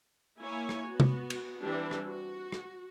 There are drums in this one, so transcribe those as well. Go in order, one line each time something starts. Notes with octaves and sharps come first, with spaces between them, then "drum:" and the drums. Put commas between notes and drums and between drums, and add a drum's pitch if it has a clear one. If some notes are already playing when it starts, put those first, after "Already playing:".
A#3 E4 C#5 G#5
drum: rim click
B3 F#4
drum: tom
drum: cymbal
E3 G3 C4 D4 G4
drum: rim click
F#4
drum: rim click